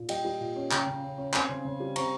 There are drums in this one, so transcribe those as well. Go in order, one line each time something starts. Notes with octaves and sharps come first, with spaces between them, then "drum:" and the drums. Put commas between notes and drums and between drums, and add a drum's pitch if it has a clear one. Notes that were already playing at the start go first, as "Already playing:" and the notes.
Already playing: A#2
G3 D#5 G5, drum: cymbal
G3
A#2
C#4
C#3 G5 A#5, drum: clap
C#3
C#4
C#4
C4 G#5 C6, drum: clap
C#3
C#3
G3
C4 A#5 C#6, drum: cymbal